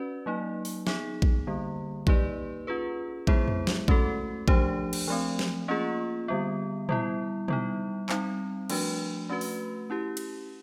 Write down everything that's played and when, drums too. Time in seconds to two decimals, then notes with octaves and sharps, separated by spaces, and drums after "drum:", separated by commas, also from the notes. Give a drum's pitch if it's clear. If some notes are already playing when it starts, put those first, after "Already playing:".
Already playing: C#4 F#4 B4 D5
0.26 F#3 A#3 D#4
0.65 drum: open hi-hat
0.87 B3 D#4 G#4, drum: snare
1.22 drum: kick A#1
1.47 D3 G3 A#3
2.07 A#3 D#4 G4 B4 D5, drum: kick A#1
2.67 C#4 F4 G#4 B4
3.27 G#3 B3 E4 G#4 C5, drum: kick A#1
3.48 drum: tom F2
3.67 drum: snare
3.88 A3 C#4 F#4 A4, drum: kick A#1
4.48 F3 A3 D4 G4 C5, drum: kick A#1
4.93 drum: cymbal
5.08 F3 A3 C4
5.39 drum: snare
5.68 A#3 C#4 F4 G#4
6.28 D3 G3 B3
6.89 G3 B3 E4, drum: tom A#2
7.48 G3 B3 D#4, drum: tom B2
8.09 G3 C4 D#4, drum: clap
8.70 F3 A3 D4 F#4 B4, drum: cymbal
9.29 A3 C#4 F#4 B4
9.41 drum: open hi-hat
9.90 C#4 E4 G4
10.17 drum: cymbal